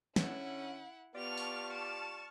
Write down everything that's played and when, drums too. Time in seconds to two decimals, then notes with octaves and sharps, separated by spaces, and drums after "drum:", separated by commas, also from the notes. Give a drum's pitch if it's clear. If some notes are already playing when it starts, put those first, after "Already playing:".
0.16 D3 C#4 E4 F#5, drum: snare
1.15 B3 F4 G4 D5 A5 C#6 F6 F7
1.37 drum: open hi-hat
1.73 E7